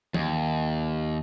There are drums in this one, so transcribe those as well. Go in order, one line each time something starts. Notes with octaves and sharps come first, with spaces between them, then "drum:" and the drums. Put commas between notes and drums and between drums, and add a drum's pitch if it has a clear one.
D#2, drum: tom E3